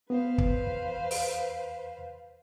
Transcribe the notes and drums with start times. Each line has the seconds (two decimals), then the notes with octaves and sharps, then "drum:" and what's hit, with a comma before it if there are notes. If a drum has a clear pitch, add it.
0.10 B3 B4 C5 F5
0.38 drum: kick
0.67 E2
1.11 drum: open hi-hat